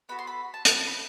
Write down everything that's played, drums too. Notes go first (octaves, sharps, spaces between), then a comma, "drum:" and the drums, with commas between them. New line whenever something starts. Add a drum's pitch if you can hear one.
B3 F#4 A4 B5
C6
B5
A5
A5, drum: hi-hat
A5
B5